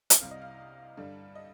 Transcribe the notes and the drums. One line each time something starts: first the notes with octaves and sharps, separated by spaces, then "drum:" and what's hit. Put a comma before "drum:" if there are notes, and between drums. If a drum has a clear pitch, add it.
drum: hi-hat
C2 C3 G3 C4 F5
D#5
F5
G2 D3 G3
D#5